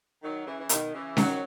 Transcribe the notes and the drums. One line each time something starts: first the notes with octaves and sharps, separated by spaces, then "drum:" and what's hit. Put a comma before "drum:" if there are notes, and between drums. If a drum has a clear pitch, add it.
D#3 F#3
C#3 E3
E3
B2 D#3, drum: hi-hat
C#3 E3
D#3 F#3, drum: snare C#4